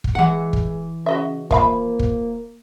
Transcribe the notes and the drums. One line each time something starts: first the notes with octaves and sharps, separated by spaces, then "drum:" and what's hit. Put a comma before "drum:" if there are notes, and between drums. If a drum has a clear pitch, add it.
drum: kick
E3 G#3 F#5
drum: kick
C#3 F#4 D#5 E5
F3 A#3 F5 B5, drum: kick
drum: kick